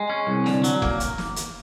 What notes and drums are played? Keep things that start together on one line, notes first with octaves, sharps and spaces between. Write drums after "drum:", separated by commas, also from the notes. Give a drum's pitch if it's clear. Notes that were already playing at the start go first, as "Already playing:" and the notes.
Already playing: G#3
C#4
C2
D3, drum: snare
F#3, drum: hi-hat
A#3, drum: kick F1
drum: hi-hat
drum: snare
drum: hi-hat